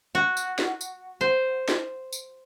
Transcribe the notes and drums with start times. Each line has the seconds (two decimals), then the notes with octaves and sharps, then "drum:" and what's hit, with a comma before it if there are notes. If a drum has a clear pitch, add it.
0.15 F#4
0.37 drum: tambourine
0.59 drum: snare
0.81 drum: tambourine
1.21 C5
1.69 drum: snare
2.12 drum: tambourine